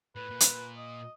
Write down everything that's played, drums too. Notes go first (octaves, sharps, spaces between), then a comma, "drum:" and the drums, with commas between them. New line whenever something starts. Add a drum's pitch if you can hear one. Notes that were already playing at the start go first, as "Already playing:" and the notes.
A2 B4
A#2
drum: hi-hat
D#5